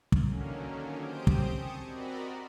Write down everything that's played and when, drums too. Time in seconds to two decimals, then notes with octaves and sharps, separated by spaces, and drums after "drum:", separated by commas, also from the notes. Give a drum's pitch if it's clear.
0.12 drum: kick
0.25 D3 D#3 F#3 A#3 C#4
1.02 C4 G4 C5 D#6 G6 D7
1.27 drum: kick
1.53 G#5 A5 C#6 D#6 C#7
1.84 C4 F#4 A#4 D5 D#5 B5